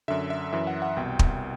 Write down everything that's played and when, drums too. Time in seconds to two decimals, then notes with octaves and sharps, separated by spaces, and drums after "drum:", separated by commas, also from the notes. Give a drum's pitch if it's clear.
0.08 F#2 D3 E5
0.30 E5
0.52 F#2 E3 E5
0.67 F#5
0.82 F#5
0.97 C2 B2 G5
1.19 drum: kick